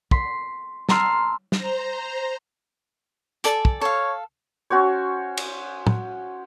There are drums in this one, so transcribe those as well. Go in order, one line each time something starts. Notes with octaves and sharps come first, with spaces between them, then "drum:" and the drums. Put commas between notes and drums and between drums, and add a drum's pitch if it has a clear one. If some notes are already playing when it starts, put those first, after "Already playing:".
C6 B6, drum: kick
A5 A#5 C6 E6 F6, drum: snare
C5 A#5, drum: snare
A4 D5 G#5, drum: hi-hat
drum: kick
A4 C#5 F5
C#4 F#4 C5 C#5
drum: cymbal
drum: tom